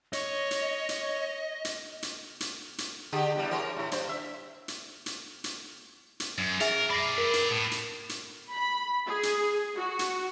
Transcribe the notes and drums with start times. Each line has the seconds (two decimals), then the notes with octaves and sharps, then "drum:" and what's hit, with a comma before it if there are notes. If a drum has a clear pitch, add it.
0.13 C#5 D#5, drum: hi-hat
0.51 drum: hi-hat
0.89 drum: hi-hat
1.65 drum: hi-hat
2.03 drum: hi-hat
2.40 drum: hi-hat
2.78 drum: hi-hat
3.12 D3 G4 G#4
3.36 E2 G3
3.51 E3 A#4 C#5
3.76 A2 E4
3.92 G2 C5, drum: hi-hat
4.09 E5
4.68 drum: hi-hat
5.06 drum: hi-hat
5.44 drum: hi-hat
6.20 drum: hi-hat
6.38 F#2
6.60 G#4 A#4 E5 G#5, drum: hi-hat
6.90 B4 D5 B5 A#6 C7
7.18 A#4
7.34 drum: hi-hat
7.51 A2
7.71 drum: hi-hat
8.09 drum: hi-hat
8.52 B5
9.06 G#4
9.23 drum: hi-hat
9.76 F#4
9.99 drum: hi-hat